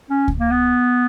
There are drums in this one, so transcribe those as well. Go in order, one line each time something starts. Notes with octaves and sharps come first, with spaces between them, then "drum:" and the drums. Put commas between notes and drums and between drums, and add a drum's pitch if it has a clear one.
C#4
drum: kick C#2
A#3
B3